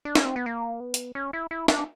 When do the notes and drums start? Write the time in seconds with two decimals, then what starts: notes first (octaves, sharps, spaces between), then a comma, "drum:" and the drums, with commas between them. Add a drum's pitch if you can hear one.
0.05 D4
0.15 C#4, drum: snare
0.25 C4
0.36 B3
0.46 A#3
0.80 B3
0.94 drum: hi-hat
1.15 C#4
1.33 E4
1.51 E4
1.68 D4, drum: snare